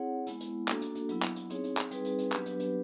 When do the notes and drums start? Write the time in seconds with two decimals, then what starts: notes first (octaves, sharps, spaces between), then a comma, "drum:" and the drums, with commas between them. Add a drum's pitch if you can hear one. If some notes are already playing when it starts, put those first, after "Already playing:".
Already playing: C4 E4 G#4 C#5 F#5
0.27 G#3 B3 E4, drum: hi-hat
0.40 drum: hi-hat
0.68 A#3 D4 F#4 A4, drum: clap
0.81 drum: hi-hat
0.95 drum: hi-hat
1.09 F#3 B3 E4, drum: hi-hat
1.23 drum: clap
1.36 drum: hi-hat
1.50 C4 D#4 G#4 C#5, drum: hi-hat
1.64 drum: hi-hat
1.77 drum: clap
1.91 G3 C4 D#4 G#4 B4, drum: hi-hat
2.05 drum: hi-hat
2.19 drum: hi-hat
2.32 F#3 B3 D4 G4 B4, drum: clap
2.46 drum: hi-hat
2.60 drum: hi-hat